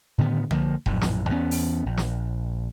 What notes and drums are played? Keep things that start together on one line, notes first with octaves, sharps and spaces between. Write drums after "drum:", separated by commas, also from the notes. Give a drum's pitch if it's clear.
A2 D3 D#3 B3
D3 F3 A#3, drum: tom B1
A#1 F#2 A2, drum: kick E1
drum: snare
E2 B3 C#4
drum: open hi-hat
A#1
drum: snare